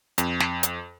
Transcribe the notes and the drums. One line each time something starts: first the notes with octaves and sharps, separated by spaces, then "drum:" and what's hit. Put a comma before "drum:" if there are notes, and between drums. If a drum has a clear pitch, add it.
F2, drum: hi-hat
drum: snare
drum: hi-hat